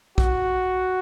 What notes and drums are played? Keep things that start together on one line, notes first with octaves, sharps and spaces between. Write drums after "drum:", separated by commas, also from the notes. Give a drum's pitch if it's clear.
F#4, drum: kick